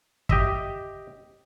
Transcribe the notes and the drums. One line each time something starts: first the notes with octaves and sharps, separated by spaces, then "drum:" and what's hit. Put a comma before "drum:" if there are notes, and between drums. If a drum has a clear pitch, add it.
G4 D#5 E5, drum: kick